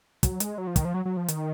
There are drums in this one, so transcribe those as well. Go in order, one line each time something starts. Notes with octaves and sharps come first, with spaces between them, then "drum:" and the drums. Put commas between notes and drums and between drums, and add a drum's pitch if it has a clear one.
F#3, drum: kick, hi-hat
G#3, drum: hi-hat
F#3
F3
D#3, drum: kick, hi-hat
F3
F#3
F#3
F3
D#3, drum: hi-hat